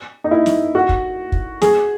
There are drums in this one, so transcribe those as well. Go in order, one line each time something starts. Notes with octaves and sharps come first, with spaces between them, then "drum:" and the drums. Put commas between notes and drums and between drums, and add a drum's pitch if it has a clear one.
D#4
E4
drum: snare
F#4
drum: kick
drum: kick
G#4, drum: snare